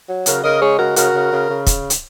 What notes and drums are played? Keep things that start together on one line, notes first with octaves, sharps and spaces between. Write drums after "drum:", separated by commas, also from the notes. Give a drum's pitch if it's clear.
F#3
C#3 F#4 A#4, drum: hi-hat
C#3 A#4 D#5
G#3 G#4 C#5
C#3 F#4 A#4
C#3 F#4 A#4, drum: hi-hat
C#3
C#3
C#3
drum: kick, hi-hat
drum: hi-hat